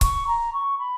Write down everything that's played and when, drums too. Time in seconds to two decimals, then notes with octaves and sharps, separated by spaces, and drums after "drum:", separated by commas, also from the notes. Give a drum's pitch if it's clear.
0.01 C#6, drum: kick C#1, hi-hat
0.27 A#5
0.53 C#6
0.78 B5